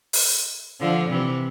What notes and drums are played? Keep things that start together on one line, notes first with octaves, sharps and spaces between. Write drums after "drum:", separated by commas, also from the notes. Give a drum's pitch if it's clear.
drum: open hi-hat
D3 F3
C3 E3